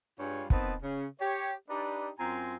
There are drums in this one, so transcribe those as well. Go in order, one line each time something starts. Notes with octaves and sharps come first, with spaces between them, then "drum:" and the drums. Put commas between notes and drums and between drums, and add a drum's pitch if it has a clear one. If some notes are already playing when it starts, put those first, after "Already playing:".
G2 G3 G#3 F4 C#5 G#5
D#3 B3 C4 B4 D#5 A5, drum: kick
C#3 C#4
G4 C#5
D4 D#4 G4 B4 D5
F#2 C4 F4 G#5 A#5